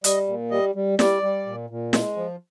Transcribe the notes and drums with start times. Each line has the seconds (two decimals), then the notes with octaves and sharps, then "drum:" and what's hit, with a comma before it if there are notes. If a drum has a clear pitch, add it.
0.04 G3 D#5, drum: hi-hat
0.28 A#2
0.51 G3 D#5
0.75 G3
0.99 G3 D5, drum: snare
1.22 G3
1.46 A#2
1.70 A#2
1.93 G#3, drum: snare
2.17 F3